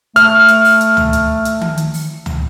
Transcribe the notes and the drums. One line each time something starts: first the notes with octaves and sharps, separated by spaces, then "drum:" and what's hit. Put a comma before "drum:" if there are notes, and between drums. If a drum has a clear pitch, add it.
A3 F6, drum: hi-hat
drum: hi-hat
drum: open hi-hat
drum: hi-hat
drum: tom C#2
drum: hi-hat
drum: hi-hat
drum: tom D#3
drum: hi-hat
drum: open hi-hat
drum: tom C#2